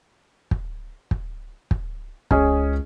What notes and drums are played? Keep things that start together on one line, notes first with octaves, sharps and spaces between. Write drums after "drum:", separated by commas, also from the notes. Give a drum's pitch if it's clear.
drum: kick
drum: kick
drum: kick
C#2 C#4 G#4 D#5, drum: kick